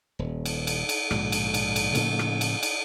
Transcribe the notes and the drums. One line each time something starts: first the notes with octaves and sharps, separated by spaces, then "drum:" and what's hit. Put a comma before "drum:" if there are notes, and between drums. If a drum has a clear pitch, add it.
D#1
drum: cymbal
drum: cymbal
drum: cymbal
A#1 G#2 B2 D3, drum: rim click
drum: cymbal
drum: cymbal
drum: cymbal
A2 C#3 F3 A#3, drum: cymbal
drum: rim click
drum: cymbal
drum: cymbal